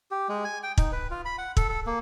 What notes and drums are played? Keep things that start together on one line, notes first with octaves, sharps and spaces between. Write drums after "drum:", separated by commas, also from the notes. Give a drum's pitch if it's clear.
G4
G#3
G#5
G5
D#4, drum: kick
B4
F4
B5
F#5
A4, drum: kick
A4
A#3